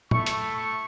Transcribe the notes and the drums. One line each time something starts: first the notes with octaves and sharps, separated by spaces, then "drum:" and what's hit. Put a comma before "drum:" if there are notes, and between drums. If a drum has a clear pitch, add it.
A3 E4 C#6, drum: tom
drum: hi-hat
C#6